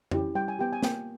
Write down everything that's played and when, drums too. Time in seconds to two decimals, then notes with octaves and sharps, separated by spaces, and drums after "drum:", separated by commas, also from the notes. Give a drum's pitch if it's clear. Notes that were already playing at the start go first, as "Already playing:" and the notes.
0.11 C#4 E4 G4, drum: tom F2
0.35 G3 G5
0.48 G#5
0.59 B3 G4 G5
0.73 G#5
0.83 A#3 G5, drum: snare